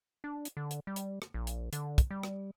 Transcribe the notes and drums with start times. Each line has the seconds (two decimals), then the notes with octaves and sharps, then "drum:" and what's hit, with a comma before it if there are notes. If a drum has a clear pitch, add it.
0.24 D4
0.45 drum: hi-hat
0.57 D3
0.71 drum: hi-hat
0.87 G3
0.96 drum: hi-hat
1.22 drum: rim click
1.34 A#1
1.47 drum: hi-hat
1.73 D3, drum: hi-hat
1.98 drum: kick, hi-hat
2.11 G3
2.23 drum: rim click